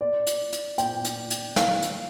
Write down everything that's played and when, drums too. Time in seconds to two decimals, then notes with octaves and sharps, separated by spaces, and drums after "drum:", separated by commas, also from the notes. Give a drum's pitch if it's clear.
0.01 D5
0.27 drum: hi-hat
0.53 drum: hi-hat
0.78 G5, drum: hi-hat
1.04 drum: hi-hat
1.30 drum: hi-hat
1.56 F5, drum: snare
1.82 drum: hi-hat